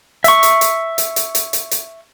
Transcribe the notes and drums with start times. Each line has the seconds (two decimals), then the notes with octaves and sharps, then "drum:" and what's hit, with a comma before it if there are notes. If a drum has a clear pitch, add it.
0.24 E5 C#6, drum: hi-hat
0.43 drum: hi-hat
0.61 drum: hi-hat
0.98 drum: hi-hat
1.16 drum: hi-hat
1.35 drum: hi-hat
1.53 drum: hi-hat
1.71 drum: hi-hat